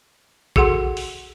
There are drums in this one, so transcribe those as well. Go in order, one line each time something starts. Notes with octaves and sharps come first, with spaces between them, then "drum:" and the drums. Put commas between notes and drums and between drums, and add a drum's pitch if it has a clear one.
F#4 G#4 A4 F#5 C6, drum: kick A1
drum: open hi-hat